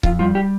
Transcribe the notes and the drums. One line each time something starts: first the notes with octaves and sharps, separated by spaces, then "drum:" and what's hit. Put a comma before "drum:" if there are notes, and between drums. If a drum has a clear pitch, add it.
F2 F4, drum: kick C#1
G3 F4
G4